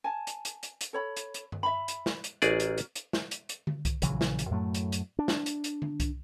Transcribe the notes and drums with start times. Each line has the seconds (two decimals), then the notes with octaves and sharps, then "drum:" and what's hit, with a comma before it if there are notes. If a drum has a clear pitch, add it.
0.04 G#5 A5
0.27 drum: hi-hat
0.45 drum: hi-hat
0.63 drum: hi-hat
0.81 drum: hi-hat
0.93 A4 C#5 B5
1.17 drum: hi-hat
1.34 drum: hi-hat
1.52 drum: tom G2
1.63 E5 B5
1.88 drum: hi-hat
2.06 drum: snare
2.24 drum: hi-hat
2.42 A1 F#4 G#4 A#4 D5, drum: hi-hat
2.60 drum: hi-hat
2.78 drum: hi-hat
2.95 drum: hi-hat
3.13 drum: snare
3.31 drum: hi-hat
3.49 drum: hi-hat
3.67 drum: tom D3
3.85 drum: kick C2, hi-hat
4.02 A#1 C#3 E3 F#3, drum: hi-hat
4.21 drum: snare
4.39 drum: hi-hat
4.50 F#2 A2 F#3 A3
4.74 drum: hi-hat
4.92 drum: hi-hat
5.19 D4
5.28 drum: snare
5.46 drum: hi-hat
5.64 drum: hi-hat
5.82 drum: tom D3
6.00 drum: kick C2, hi-hat